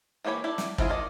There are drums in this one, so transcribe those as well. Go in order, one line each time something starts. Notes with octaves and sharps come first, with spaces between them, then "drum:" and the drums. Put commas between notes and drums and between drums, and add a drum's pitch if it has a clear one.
E3 A#3 G4 C#5 B5
E4 G4 A4 D5
drum: snare
C4 D4 E4 F4 G#4, drum: kick
D#3 D5 D#5